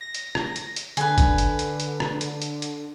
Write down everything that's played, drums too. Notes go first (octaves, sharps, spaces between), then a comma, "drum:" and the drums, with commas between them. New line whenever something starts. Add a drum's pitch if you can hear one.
A#6
drum: hi-hat
drum: rim click
drum: hi-hat
drum: hi-hat
D3 B4 G#5, drum: hi-hat
drum: kick G#1, hi-hat
drum: hi-hat
drum: hi-hat
drum: hi-hat
drum: rim click
drum: hi-hat
drum: hi-hat
drum: hi-hat